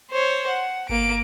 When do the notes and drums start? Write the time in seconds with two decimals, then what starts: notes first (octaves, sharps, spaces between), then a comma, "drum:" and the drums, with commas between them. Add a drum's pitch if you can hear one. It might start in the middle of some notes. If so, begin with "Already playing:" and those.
0.11 C5 C#5
0.48 F#5
0.89 A#3 D7, drum: kick G1